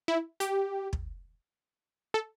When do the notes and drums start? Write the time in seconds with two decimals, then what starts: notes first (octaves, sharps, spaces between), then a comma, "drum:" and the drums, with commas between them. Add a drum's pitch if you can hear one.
0.08 E4
0.40 G4, drum: hi-hat
0.93 drum: kick
2.14 A4